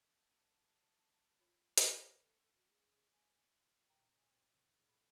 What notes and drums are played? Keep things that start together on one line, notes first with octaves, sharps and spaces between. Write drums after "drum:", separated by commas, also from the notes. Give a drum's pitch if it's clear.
A5
F4 C#5 E5
drum: hi-hat
A4
F#4
G#4
G#5
A#2 A#3 G5 A#5
D3 A#3 F4 G#4
C4 C#4
E1 C#2 D#7
F4 G#4 A4
B1 A2 G3 G#4 B5